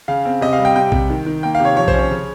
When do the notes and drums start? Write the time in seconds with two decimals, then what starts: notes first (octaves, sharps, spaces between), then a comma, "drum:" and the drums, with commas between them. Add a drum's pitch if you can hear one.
0.08 C#3 F5
0.25 C4
0.41 C3 D#5
0.53 F5
0.58 G3
0.65 G5
0.76 C3 G5
0.92 C3, drum: kick B1
1.10 D#3
1.26 D#3
1.43 A#3 G5
1.55 F5
1.60 C3
1.65 C#5
1.77 F3 C#5
1.88 C5, drum: kick B1
1.93 C#4
1.99 C#5
2.10 C#3